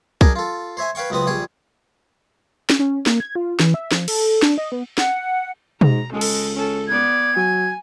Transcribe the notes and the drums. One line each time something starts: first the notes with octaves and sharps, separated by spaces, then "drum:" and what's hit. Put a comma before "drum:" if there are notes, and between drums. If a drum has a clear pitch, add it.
F#2 D4 G#4 A#4 G#5, drum: kick C2
F4 A4
C5 C#5 E5 G#5
B4 C#5 F5 G5 C#6
C#2 F#2 B3 C4 B4 D#6
A#1 G3 G#4 C#5 D#6
drum: snare
C#4
A#3, drum: snare
G#6
F4
E3, drum: snare
E5
F3, drum: snare
A4, drum: cymbal
D4, drum: snare
D#5
B3
F#5, drum: snare
G#2 A#5, drum: tom B2
C#2 G#3 A4
drum: cymbal
C#4 A4
B3 D5 G#6
F#3 G#5